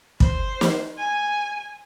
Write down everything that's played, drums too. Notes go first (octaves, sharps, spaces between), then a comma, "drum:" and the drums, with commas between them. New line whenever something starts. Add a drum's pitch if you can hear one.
C5, drum: kick
drum: snare
G#5